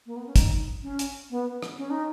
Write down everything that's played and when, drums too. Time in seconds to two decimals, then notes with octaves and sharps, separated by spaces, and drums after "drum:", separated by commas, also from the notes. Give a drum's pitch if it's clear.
0.06 A#3
0.16 B3
0.27 C#4
0.36 D#4, drum: kick, hi-hat
0.83 C#4
0.99 drum: hi-hat
1.31 B3
1.63 drum: rim click
1.78 C#4
1.90 D#4